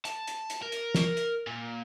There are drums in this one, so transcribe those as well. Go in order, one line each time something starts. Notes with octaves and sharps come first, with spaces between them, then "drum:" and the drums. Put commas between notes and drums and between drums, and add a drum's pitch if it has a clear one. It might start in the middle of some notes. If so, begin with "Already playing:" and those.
A5, drum: hi-hat
drum: hi-hat
drum: hi-hat
A#4
drum: hi-hat
drum: snare
drum: hi-hat
A#2